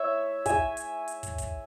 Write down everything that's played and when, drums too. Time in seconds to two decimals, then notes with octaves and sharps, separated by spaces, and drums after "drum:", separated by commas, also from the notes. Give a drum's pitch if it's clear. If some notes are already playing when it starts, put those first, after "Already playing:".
Already playing: C#5 E5
0.46 E5 G#5, drum: kick, hi-hat
0.77 drum: hi-hat
1.08 drum: hi-hat
1.23 drum: kick, hi-hat
1.38 drum: kick, hi-hat